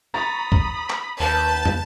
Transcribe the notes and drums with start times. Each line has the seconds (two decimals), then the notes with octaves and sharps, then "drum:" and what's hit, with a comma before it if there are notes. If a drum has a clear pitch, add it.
0.14 A#5 B5 C#6 D#6 A6
0.52 drum: kick
0.90 drum: clap
1.20 D#2 B4 A5 G6
1.65 drum: tom